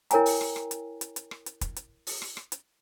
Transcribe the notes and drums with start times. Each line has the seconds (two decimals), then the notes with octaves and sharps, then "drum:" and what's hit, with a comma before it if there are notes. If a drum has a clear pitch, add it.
0.11 E4 A#4 C#5 G5 G#5 A#5, drum: hi-hat
0.26 drum: open hi-hat
0.41 drum: rim click
0.56 drum: rim click
0.71 drum: hi-hat
1.01 drum: hi-hat
1.16 drum: hi-hat
1.31 drum: rim click
1.46 drum: hi-hat
1.61 drum: kick, hi-hat
1.76 drum: hi-hat
2.07 drum: open hi-hat
2.22 drum: rim click
2.37 drum: rim click
2.52 drum: hi-hat